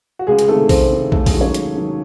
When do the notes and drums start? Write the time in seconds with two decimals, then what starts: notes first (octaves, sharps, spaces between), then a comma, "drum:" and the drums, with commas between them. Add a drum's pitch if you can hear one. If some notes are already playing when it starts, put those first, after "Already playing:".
0.19 F#4
0.27 C#2 G#3 G#4
0.39 G#4, drum: hi-hat
0.48 C3 D#3 A3 A4
0.69 C#2 C4 C5, drum: kick, open hi-hat
0.91 C3 D#3
1.12 D#2 A3 A4, drum: kick
1.26 G#3 G#4, drum: kick, open hi-hat
1.34 D#3 F#3
1.41 C#4 C#5
1.54 D#2, drum: hi-hat
1.76 D#3 F#3